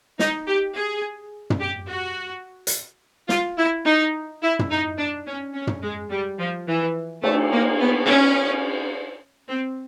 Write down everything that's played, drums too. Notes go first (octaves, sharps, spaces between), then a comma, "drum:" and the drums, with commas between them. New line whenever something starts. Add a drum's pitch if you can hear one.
D#4, drum: snare
G4
G#4
drum: tom
G4
F#4
drum: hi-hat
F4, drum: snare
E4
D#4
E4
drum: tom
D#4
D4
C#4
C#4
drum: tom
G#3
G3
F3
E3
A3, drum: cymbal
A#3
B3
C#4
C4